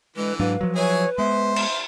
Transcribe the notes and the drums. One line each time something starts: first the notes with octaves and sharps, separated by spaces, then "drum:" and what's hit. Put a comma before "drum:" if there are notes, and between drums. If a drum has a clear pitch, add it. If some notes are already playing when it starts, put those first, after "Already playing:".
D3 E3 G#3 B4
G#2 F#3 D4 B4 F5
F3 F#3
E4 G#4 B4 C#5 G#5
G#3 B3 C5 E5 C6
drum: cymbal